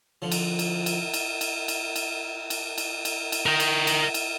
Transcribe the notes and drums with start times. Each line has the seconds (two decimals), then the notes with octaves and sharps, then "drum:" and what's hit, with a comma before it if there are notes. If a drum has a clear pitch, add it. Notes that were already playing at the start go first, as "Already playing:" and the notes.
0.22 D3 F3
0.32 drum: cymbal
0.59 drum: cymbal
0.86 drum: cymbal
1.14 drum: cymbal
1.41 drum: cymbal
1.68 drum: cymbal
1.96 drum: cymbal
2.50 drum: cymbal
2.78 drum: cymbal
3.05 drum: cymbal
3.32 drum: cymbal
3.46 A#4 G5
3.60 drum: cymbal
3.87 drum: cymbal
4.14 drum: cymbal